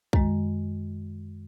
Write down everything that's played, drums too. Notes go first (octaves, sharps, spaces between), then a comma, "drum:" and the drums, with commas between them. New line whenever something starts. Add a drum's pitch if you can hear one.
F#2 D#3 G#3, drum: kick B1